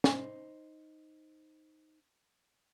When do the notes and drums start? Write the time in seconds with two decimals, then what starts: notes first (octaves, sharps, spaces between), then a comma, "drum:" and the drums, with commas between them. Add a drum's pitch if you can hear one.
0.04 D#4 C5, drum: snare